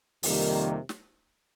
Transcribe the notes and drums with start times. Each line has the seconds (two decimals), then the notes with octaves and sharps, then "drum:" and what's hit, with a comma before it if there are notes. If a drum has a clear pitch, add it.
0.23 F2 C3 D#3 G3 A#3, drum: open hi-hat
0.89 drum: snare